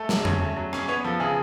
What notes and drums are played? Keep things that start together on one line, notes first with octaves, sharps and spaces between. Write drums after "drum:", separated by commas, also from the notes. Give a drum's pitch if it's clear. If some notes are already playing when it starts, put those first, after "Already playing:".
Already playing: A3 A4
F#3, drum: snare
C#4, drum: tom E2
A3
F#3
C#4, drum: rim click
B3 C#5
F3 A4
C#3 G#4